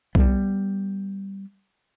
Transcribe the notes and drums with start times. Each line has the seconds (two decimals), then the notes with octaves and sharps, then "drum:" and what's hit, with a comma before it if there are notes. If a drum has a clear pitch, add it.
0.15 G3 A#3 B3, drum: kick B1